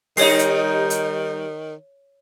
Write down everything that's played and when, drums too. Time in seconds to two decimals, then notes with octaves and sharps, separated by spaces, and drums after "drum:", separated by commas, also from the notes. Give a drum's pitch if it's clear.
0.17 D#3 G3 D#4 C#5 C7, drum: open hi-hat
0.39 drum: hi-hat
0.90 drum: hi-hat